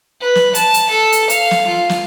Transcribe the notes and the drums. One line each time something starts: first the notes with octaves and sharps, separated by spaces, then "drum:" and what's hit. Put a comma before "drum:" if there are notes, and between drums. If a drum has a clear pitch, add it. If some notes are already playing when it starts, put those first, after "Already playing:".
B4
drum: snare
A5, drum: hi-hat
drum: hi-hat
A4
drum: hi-hat
F5, drum: hi-hat
drum: snare
F4
drum: snare